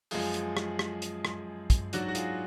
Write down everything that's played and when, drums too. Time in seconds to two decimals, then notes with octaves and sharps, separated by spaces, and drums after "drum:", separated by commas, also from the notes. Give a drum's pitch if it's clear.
0.11 F#2 F3 G#3 F4 G#4, drum: open hi-hat
0.34 drum: hi-hat
0.57 drum: rim click
0.79 drum: rim click
1.02 drum: hi-hat
1.25 drum: rim click
1.70 drum: kick, hi-hat
1.93 G#2 F#3 D4 F#4, drum: hi-hat
2.08 F#4
2.15 F4 G#4, drum: hi-hat